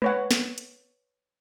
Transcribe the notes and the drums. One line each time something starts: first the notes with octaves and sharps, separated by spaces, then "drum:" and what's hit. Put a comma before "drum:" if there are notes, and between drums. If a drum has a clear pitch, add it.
B4 C#5 F#5, drum: tom G#3
drum: snare
drum: hi-hat